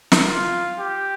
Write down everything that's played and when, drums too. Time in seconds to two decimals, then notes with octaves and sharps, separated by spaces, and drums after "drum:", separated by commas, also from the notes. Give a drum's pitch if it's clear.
0.12 drum: snare
0.26 F4
0.79 G4